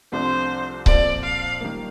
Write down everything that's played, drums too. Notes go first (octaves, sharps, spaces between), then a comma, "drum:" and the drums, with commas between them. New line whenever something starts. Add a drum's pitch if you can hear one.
C2 C3 F3 A3 D4 C5
A#2 F3 C4 F4 A4 D5, drum: kick C#1
F5
D#3 G3 A#3